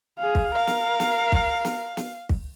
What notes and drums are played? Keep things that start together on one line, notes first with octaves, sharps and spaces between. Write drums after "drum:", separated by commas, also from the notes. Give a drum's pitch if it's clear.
G#4 F5
drum: kick
A#4 F5
drum: snare
drum: snare
drum: kick
drum: snare
drum: snare
drum: kick